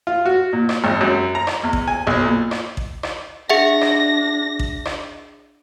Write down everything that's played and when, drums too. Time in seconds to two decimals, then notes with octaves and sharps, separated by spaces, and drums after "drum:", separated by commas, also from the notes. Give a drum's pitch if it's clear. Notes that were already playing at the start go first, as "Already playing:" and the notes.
0.07 F4
0.25 F#4
0.53 A#2
0.69 drum: rim click
0.84 G#1
1.01 F#2
1.35 A#5
1.47 drum: rim click
1.63 E2
1.73 drum: kick A1
1.88 G#5
2.07 B1
2.25 A#2
2.51 drum: rim click
2.77 drum: kick A1
3.03 drum: rim click
3.50 D4 G#4 E5 F#5 A#6
3.81 drum: rim click
4.59 drum: kick A1
4.85 drum: rim click